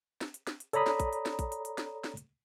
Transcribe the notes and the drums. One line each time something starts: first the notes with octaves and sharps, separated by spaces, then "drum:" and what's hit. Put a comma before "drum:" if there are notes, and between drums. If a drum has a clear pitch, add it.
drum: snare
drum: hi-hat
drum: snare
drum: hi-hat
A4 C#5 D5 A#5 B5 D#6, drum: hi-hat
drum: snare
drum: kick, hi-hat
drum: hi-hat
drum: snare
drum: kick, hi-hat
drum: hi-hat
drum: hi-hat
drum: snare
drum: snare
drum: hi-hat